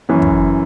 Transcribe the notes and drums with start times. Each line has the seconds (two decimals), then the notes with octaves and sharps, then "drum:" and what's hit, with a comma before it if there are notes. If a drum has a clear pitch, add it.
0.09 F#2 E3 C#4
0.22 drum: kick